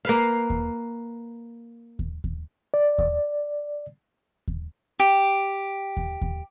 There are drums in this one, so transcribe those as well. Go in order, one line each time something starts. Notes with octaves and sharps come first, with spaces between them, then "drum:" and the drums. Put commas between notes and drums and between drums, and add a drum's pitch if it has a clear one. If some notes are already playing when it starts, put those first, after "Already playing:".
A#3 B4 F5
drum: kick D#2
drum: kick D#2
drum: kick D#2
D5
drum: kick D#2
drum: kick D#2
G4
drum: kick D#2
drum: kick D#2